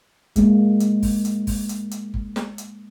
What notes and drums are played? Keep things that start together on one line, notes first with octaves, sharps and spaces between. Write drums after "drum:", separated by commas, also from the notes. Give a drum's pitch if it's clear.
G#3 A#3, drum: kick G1, hi-hat
drum: hi-hat
drum: kick G1, open hi-hat
drum: hi-hat
drum: kick G1, open hi-hat
drum: hi-hat
drum: hi-hat
drum: kick G1
drum: snare
drum: hi-hat